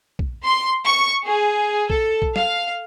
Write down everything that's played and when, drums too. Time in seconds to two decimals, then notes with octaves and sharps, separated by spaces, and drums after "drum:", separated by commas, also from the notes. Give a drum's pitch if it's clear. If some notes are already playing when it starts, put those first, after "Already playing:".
0.19 drum: kick
0.44 C6
0.84 C#6
1.26 G#4
1.90 A4, drum: kick
2.22 drum: kick
2.36 F5, drum: snare